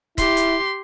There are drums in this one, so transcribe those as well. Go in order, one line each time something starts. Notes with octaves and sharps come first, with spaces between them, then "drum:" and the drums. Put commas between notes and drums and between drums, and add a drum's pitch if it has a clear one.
E4 G4 C6, drum: kick C#1, hi-hat
drum: hi-hat